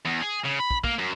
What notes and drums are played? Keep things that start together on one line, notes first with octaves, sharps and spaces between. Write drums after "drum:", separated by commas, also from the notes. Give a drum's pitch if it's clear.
E2
G#4
C#3
B5
drum: kick
A#3, drum: kick
F#2